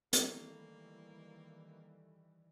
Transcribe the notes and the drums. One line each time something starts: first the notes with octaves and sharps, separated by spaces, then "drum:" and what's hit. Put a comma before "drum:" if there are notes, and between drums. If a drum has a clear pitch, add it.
D#3 E3 G3 A3 A#3 E4, drum: hi-hat